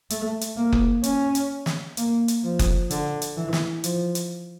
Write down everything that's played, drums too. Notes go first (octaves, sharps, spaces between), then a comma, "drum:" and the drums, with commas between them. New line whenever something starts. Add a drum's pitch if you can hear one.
A3, drum: hi-hat
drum: hi-hat
A#3
drum: kick F#1
C#4, drum: hi-hat
drum: hi-hat
drum: snare
A#3, drum: hi-hat
drum: hi-hat
F3
drum: kick F#1, hi-hat
D3, drum: hi-hat
drum: hi-hat
E3
drum: snare
F3, drum: hi-hat
drum: hi-hat